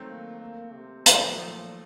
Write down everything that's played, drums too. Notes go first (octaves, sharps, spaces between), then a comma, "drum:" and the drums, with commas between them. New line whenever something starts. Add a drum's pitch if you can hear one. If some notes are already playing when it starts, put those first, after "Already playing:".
Already playing: D#3 F#3 A3 C4
A#3
A#3
C3
A2 D#3, drum: hi-hat
F3
F#3
A#2 F3 A3